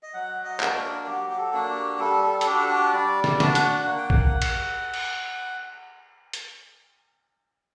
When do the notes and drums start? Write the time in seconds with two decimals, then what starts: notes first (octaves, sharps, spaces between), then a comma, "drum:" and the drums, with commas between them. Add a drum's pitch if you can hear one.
0.03 D#5
0.14 F#3 F#5
0.44 D#5
0.60 A#3 D4 F#4, drum: clap
0.76 A#4
1.06 F#3 G4
1.30 G4
1.38 A4
1.53 A#3 D4 F#4
1.70 G4
2.00 G3 A4
2.23 A4
2.41 A4, drum: hi-hat
2.46 D4 F#4 G4
2.59 A4
2.70 G4
2.93 G3 D5
3.24 D5, drum: snare
3.40 D4 F#4, drum: snare
3.55 F#5, drum: hi-hat
3.86 A#3 F#5
3.98 G5
4.10 F#5, drum: kick
4.42 drum: cymbal
4.94 drum: cymbal
6.33 drum: hi-hat